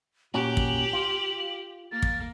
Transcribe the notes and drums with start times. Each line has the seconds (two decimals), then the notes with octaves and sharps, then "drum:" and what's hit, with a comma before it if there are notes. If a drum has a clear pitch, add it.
0.34 A#2 C#4 F#4 G4 F#7
0.57 drum: kick
0.93 F4
1.92 A#3 A6
2.02 drum: kick